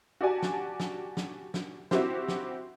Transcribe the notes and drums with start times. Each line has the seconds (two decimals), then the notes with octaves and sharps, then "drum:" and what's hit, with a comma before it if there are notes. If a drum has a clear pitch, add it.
0.21 F#4 G4 D5 G#5 A5
0.42 drum: snare
0.80 drum: snare
1.17 drum: snare
1.54 drum: snare
1.91 C4 E4 F#4 G4 C5, drum: snare
2.28 drum: snare